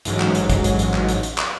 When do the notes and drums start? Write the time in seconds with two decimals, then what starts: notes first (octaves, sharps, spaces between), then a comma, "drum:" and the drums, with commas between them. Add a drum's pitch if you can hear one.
0.05 A1 G#2 F#3, drum: hi-hat
0.20 drum: clap
0.35 drum: hi-hat
0.50 drum: kick, hi-hat
0.64 drum: hi-hat
0.79 drum: hi-hat
0.94 drum: clap
1.09 drum: hi-hat
1.23 drum: hi-hat
1.38 drum: clap